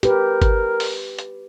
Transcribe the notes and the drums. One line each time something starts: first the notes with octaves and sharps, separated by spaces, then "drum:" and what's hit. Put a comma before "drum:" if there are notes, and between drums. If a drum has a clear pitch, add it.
G4 A#4 B4, drum: hi-hat
drum: kick G1, hi-hat
drum: open hi-hat
drum: hi-hat